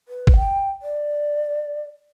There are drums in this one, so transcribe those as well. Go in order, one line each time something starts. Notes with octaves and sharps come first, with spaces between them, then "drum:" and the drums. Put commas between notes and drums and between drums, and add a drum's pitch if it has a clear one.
B4
drum: kick
G5
D5